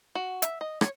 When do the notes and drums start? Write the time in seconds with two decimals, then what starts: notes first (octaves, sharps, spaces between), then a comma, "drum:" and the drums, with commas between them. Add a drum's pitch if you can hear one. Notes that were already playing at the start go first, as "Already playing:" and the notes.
0.15 F#4
0.42 E5, drum: hi-hat
0.61 D#5
0.81 C#5, drum: rim click